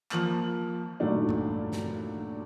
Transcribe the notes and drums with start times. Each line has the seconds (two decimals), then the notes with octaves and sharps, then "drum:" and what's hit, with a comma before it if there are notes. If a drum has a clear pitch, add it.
0.11 F3 A#3 F6 F#7, drum: clap
1.00 G2 A#2 D#3 F#3 A3 D4
1.29 drum: tom G2
1.72 drum: snare